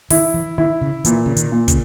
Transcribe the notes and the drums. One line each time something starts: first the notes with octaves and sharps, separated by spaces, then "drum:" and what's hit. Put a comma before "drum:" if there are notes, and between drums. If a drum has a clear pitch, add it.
D#3 E4, drum: open hi-hat
E3
D#3 E4
C#3
A#2 E3, drum: hi-hat
C#3
D#3, drum: hi-hat
A#2
C#3, drum: kick, hi-hat